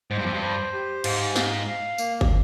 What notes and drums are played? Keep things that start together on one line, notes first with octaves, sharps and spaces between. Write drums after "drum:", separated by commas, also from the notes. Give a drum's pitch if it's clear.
G#2 C5
G2
F2
G2
C5
G4
G#2 F5, drum: cymbal
F5, drum: snare
F5
A#3, drum: tambourine
drum: kick